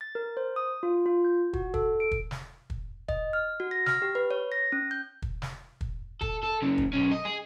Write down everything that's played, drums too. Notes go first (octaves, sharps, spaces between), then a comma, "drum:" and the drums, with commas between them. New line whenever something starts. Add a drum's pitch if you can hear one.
A6
A#4
C5
D#6
F4
F4
G6
F#4, drum: kick
A4, drum: kick
D7
drum: kick
drum: snare
drum: kick
D#5, drum: kick
F6
F#4
A#6
F6, drum: snare
G4
B4
C#5
A#6
C#4
G6
drum: kick
drum: snare
drum: kick
A4, drum: kick
A4
F#2 C#3
drum: kick
B1 C#4
D#5
G#4